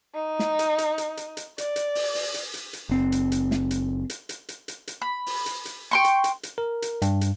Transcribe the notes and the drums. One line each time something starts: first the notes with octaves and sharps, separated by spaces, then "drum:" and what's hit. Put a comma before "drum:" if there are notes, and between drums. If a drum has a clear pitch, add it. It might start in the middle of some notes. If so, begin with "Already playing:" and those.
D#4
drum: snare
drum: hi-hat
drum: hi-hat
drum: hi-hat
drum: hi-hat
drum: hi-hat
D5, drum: hi-hat
drum: hi-hat
drum: open hi-hat
drum: open hi-hat
drum: hi-hat
drum: hi-hat
drum: hi-hat
F#1 C4
drum: hi-hat
drum: hi-hat
drum: snare
drum: hi-hat
drum: hi-hat
drum: hi-hat
drum: hi-hat
drum: hi-hat
drum: hi-hat
B5
drum: open hi-hat
drum: hi-hat
drum: hi-hat
G5 C6 C#6
drum: hi-hat
drum: hi-hat
drum: hi-hat
A#4
drum: hi-hat
G2, drum: hi-hat
drum: hi-hat